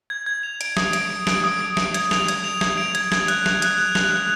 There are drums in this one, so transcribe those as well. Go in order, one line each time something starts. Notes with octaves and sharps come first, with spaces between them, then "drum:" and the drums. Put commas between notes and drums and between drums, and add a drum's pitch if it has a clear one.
G#6
G#6
F7
D7, drum: hi-hat
D#6, drum: snare
D7, drum: hi-hat
D7
D7, drum: snare
D#6
D#6
D7, drum: snare
G#6, drum: hi-hat
F7, drum: snare
G#6, drum: hi-hat
F7
G#6, drum: snare
D7
G#6, drum: hi-hat
G#6, drum: snare
F#6, drum: hi-hat
F7, drum: snare
F#6, drum: hi-hat
F7
F7, drum: snare
F#6